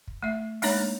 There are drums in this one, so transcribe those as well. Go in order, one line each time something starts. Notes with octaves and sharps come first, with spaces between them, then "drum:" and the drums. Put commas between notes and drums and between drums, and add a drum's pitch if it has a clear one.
drum: kick
A3 E5
G#3 A#3 D4 D#4 C#5 A#5, drum: open hi-hat